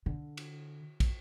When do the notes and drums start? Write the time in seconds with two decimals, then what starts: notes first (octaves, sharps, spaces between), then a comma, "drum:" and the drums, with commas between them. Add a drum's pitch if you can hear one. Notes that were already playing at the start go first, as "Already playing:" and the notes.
0.06 D3
0.37 drum: cymbal
1.00 drum: kick, cymbal